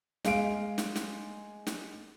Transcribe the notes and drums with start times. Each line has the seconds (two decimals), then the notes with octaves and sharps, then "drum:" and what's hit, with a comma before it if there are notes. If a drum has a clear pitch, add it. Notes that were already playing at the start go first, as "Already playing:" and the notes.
0.25 G#3 F5 D7, drum: snare
0.78 drum: snare
0.96 drum: snare
1.67 drum: snare